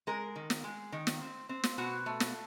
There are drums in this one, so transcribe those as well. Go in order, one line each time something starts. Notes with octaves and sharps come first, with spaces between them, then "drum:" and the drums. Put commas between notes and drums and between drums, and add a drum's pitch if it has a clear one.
G#3 A#4
D#3
drum: snare
G#3
D#3
drum: snare
C4
C4
drum: snare
B2 F#4
A3
drum: snare